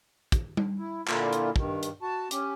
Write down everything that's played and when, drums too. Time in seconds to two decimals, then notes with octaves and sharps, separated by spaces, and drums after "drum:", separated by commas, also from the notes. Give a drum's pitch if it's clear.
0.32 drum: kick, hi-hat
0.57 drum: tom G3
0.79 E4
1.08 A#2 D3 A#3 E4 F4, drum: clap
1.33 drum: hi-hat
1.56 G2 D#3, drum: kick
1.83 drum: hi-hat
2.02 F#4 A5
2.31 C#4 G4, drum: hi-hat